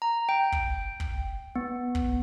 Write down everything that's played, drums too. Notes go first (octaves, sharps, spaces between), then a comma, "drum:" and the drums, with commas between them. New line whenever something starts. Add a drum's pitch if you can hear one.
A#5
G5
drum: kick
drum: kick
B3
drum: kick